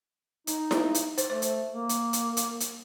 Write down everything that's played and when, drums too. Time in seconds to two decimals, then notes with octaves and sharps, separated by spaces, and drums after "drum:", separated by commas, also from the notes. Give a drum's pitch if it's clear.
0.47 D#4, drum: hi-hat
0.71 drum: snare E4
0.95 drum: hi-hat
1.18 C5, drum: hi-hat
1.30 A3 C5
1.42 drum: hi-hat
1.72 A#3
1.89 drum: hi-hat
2.13 drum: hi-hat
2.37 drum: hi-hat
2.60 drum: hi-hat